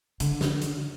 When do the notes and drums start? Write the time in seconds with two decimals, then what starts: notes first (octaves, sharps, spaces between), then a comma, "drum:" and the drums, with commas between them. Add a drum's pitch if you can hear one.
0.20 D3, drum: hi-hat
0.41 drum: snare
0.62 drum: hi-hat